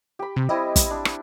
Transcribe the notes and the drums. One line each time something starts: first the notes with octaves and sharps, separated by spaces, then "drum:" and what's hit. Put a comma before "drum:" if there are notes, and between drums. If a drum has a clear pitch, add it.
G4 B5
C3
G3 C4 E4 D#5
drum: kick, hi-hat
D4
drum: rim click